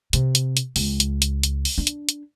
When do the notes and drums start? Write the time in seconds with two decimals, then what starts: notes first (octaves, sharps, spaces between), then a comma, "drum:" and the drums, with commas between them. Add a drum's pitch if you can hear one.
0.13 C3, drum: hi-hat
0.35 drum: hi-hat
0.57 drum: hi-hat
0.76 C#2, drum: open hi-hat
1.00 drum: hi-hat
1.22 drum: hi-hat
1.43 drum: hi-hat
1.65 drum: open hi-hat
1.78 D4
1.87 drum: hi-hat
2.09 drum: hi-hat